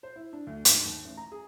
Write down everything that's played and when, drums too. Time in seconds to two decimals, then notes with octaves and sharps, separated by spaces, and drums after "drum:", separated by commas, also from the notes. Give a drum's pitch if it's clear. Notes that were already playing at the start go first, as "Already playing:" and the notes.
0.03 C5
0.16 E4
0.33 D4
0.47 D2
0.65 G#2, drum: hi-hat
0.85 D#2
1.05 A1
1.17 A#5
1.32 G#4